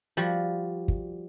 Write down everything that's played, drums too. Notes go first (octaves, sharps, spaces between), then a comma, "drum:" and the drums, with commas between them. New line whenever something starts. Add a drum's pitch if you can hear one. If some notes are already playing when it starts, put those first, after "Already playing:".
F3 G3 F#4
drum: kick